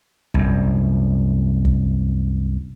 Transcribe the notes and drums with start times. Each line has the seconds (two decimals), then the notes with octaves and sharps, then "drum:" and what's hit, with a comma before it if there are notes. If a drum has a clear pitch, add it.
0.34 C2 F#2, drum: kick
1.65 drum: kick